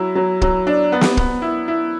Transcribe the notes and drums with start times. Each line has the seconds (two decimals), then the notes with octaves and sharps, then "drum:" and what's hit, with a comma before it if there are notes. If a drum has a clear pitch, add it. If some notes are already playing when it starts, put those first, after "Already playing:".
Already playing: F#3 E4
0.15 F#3
0.42 F#3, drum: kick
0.67 D4
0.92 B3
1.01 drum: snare
1.17 B3, drum: kick
1.42 E4
1.68 E4